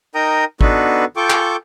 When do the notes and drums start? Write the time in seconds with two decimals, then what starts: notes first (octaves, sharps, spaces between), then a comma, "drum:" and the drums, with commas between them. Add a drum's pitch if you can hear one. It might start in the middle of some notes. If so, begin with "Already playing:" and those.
0.15 D#4 A#4 G5 A#5 D#6
0.61 B3 D4 D#4 F#4 A4 B4, drum: kick
1.16 F4 A4 G5 C#6 D6 G6
1.30 drum: clap